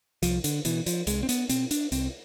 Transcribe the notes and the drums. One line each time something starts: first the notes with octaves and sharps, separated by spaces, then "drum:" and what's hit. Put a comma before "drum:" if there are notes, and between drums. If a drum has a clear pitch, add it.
C2 F3, drum: hi-hat
D3, drum: hi-hat
B2 E3, drum: hi-hat
F3, drum: hi-hat
C2 G#3, drum: hi-hat
C4
B3, drum: hi-hat
B2 C4, drum: hi-hat
D4, drum: hi-hat
C2 C4, drum: hi-hat